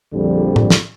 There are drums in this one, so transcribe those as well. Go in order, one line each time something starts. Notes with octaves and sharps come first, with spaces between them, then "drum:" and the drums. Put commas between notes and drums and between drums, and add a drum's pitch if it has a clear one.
A#1 F2 D3 F3 G3
drum: tom A2
drum: snare